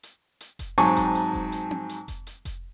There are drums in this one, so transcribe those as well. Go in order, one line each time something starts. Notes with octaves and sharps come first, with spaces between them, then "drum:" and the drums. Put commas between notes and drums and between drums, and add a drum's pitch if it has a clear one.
drum: hi-hat
drum: hi-hat
drum: kick F1, hi-hat
G#2 F#3 C4 G#5 A5 C#6, drum: hi-hat
drum: kick F1, hi-hat
drum: hi-hat
drum: kick F1, open hi-hat
drum: hi-hat
drum: tom C4
drum: hi-hat
drum: kick F1, hi-hat
drum: hi-hat
drum: kick F1, hi-hat